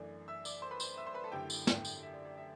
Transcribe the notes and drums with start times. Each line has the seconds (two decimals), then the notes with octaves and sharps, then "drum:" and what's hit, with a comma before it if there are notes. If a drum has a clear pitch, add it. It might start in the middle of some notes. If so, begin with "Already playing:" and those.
Already playing: F#2 E3 A3 D4
0.28 E5 E6
0.45 D5 D6, drum: tambourine
0.62 C5 C6
0.71 B4 B5
0.80 C5 C6, drum: tambourine
0.97 E5 E6
1.07 C5 C6
1.14 B4 B5
1.24 A4 A5
1.32 F#2 D3 A3 E4 G4 G5
1.50 drum: tambourine
1.67 drum: snare
1.85 drum: tambourine
2.03 E5
2.14 D5
2.25 D5
2.37 E5